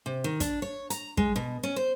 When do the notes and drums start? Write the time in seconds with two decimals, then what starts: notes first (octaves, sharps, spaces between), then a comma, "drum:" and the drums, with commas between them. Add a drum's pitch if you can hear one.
0.06 C3
0.24 D#3
0.40 D4, drum: kick, hi-hat
0.62 C#5
0.90 A#5, drum: hi-hat
1.17 G#3, drum: kick
1.36 B2
1.63 C#4
1.76 C5